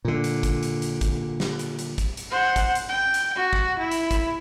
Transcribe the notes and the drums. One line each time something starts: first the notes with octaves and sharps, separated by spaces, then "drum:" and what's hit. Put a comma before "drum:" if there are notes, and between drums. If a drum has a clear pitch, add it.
A#2 D3
drum: hi-hat
drum: kick, hi-hat
drum: hi-hat
drum: hi-hat
drum: kick, hi-hat
drum: snare
drum: hi-hat
drum: hi-hat
drum: kick, hi-hat
drum: hi-hat
C5 F#5
drum: kick, hi-hat
drum: hi-hat
G5
drum: hi-hat
F#4
drum: kick
E4
drum: hi-hat
drum: kick, hi-hat